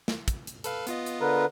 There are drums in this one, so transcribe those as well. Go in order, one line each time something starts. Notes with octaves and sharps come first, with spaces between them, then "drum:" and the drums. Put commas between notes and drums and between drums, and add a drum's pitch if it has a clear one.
drum: snare
drum: kick, hi-hat
drum: hi-hat
A4 B4 F5, drum: hi-hat
B3 F4 D#5, drum: hi-hat
drum: hi-hat
D3 A#4 B4